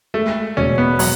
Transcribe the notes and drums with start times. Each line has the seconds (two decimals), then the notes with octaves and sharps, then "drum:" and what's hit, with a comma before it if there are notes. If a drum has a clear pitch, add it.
0.14 G#3 A3
0.57 E1 C#4
0.78 B3
0.99 F#3, drum: open hi-hat